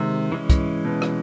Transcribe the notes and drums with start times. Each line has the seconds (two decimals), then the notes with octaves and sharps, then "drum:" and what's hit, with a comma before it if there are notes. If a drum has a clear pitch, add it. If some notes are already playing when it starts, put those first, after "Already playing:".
Already playing: C3 D#3 G#3 C4
0.32 E3 G#3 C#4
0.50 drum: kick, hi-hat
0.85 B2
1.02 drum: rim click